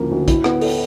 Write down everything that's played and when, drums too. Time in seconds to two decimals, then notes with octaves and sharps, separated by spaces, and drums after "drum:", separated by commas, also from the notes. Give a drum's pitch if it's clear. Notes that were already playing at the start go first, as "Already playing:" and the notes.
Already playing: D2 C#3 F3 A#3
0.11 D2
0.28 E4, drum: kick, hi-hat
0.44 B3, drum: rim click
0.61 A4, drum: open hi-hat